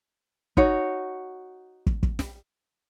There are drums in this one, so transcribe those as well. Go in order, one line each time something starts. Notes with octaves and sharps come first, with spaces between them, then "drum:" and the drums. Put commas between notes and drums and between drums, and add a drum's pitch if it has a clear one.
D#4 F#4 C#5, drum: kick
drum: kick
drum: kick
drum: snare